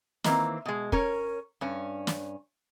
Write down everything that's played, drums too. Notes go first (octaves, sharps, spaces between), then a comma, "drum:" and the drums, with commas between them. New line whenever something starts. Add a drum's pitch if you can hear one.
D#3 E3 A#3 C4, drum: snare
B2 G#3
C#4 A#4 C#5, drum: kick
G2 C#4
drum: snare